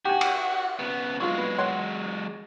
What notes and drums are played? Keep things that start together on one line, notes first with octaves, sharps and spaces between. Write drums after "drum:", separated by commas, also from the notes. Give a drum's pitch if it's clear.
F#4 G4 G#5
drum: cymbal
C#3 B3
F#3 G#3 F4 C#6
B3
C#5 F#5 C6